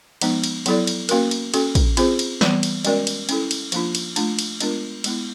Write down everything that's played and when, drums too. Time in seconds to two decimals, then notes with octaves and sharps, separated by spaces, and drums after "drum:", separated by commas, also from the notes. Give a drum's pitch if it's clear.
0.21 F3 G#3 B3 D#4, drum: cymbal
0.44 drum: cymbal
0.66 F#3 B3 E4 A4 D5, drum: cymbal
0.87 drum: cymbal
1.09 A#3 C#4 F#4 A#4, drum: cymbal
1.31 drum: cymbal
1.54 C#4 F#4 A4, drum: cymbal
1.75 drum: kick, cymbal
1.97 C4 F4 G#4 C5, drum: cymbal
2.19 drum: cymbal
2.41 E3 G3 B3, drum: snare
2.63 drum: cymbal
2.85 G#3 C#4 F#4 A#4 D5, drum: cymbal
3.07 drum: cymbal
3.29 C#4 E4 A4, drum: cymbal
3.51 drum: cymbal
3.72 F3 A#3 D4 F4, drum: cymbal
3.95 drum: cymbal
4.16 A3 D4 F4, drum: cymbal
4.39 drum: cymbal
4.60 G#3 B3 D4 F4 A#4, drum: cymbal
5.04 G#3 B3 E4, drum: cymbal